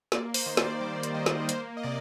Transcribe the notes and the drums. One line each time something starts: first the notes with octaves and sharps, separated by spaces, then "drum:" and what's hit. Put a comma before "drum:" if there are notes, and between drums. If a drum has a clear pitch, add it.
A#3 D5, drum: snare
C5, drum: open hi-hat
D#3
D5, drum: snare
G3 D5
drum: hi-hat
D#3 D#5
drum: snare
A#3 C5, drum: hi-hat
D#5
C3 D5